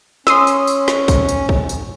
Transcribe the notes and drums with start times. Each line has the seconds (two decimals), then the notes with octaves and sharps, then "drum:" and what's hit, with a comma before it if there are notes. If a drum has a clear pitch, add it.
0.27 C#4 C6 D#6 E6, drum: snare
0.47 drum: tambourine
0.67 drum: tambourine
0.88 drum: snare
1.08 drum: kick, tambourine
1.29 drum: tambourine
1.49 drum: kick
1.69 drum: tambourine